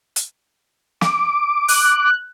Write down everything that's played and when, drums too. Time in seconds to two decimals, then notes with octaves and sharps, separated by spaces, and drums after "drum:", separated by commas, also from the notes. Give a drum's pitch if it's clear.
0.16 drum: hi-hat
1.01 D6, drum: snare
1.68 F#6, drum: open hi-hat